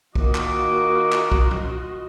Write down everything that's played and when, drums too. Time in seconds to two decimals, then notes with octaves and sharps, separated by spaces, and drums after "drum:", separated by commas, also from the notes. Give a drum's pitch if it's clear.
0.15 D#3 A#3 F4 F#4 D#5 D6, drum: kick
0.35 drum: clap
1.12 drum: clap
1.32 drum: kick
1.51 drum: tom